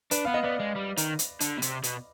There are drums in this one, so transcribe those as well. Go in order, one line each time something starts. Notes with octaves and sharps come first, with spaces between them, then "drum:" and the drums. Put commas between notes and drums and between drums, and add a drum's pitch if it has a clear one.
D4 B4, drum: hi-hat
B3 F5
D#5
B3 D5
G#3
G3
D#3, drum: hi-hat
drum: hi-hat
D3, drum: hi-hat
B2
C3, drum: hi-hat
B2, drum: hi-hat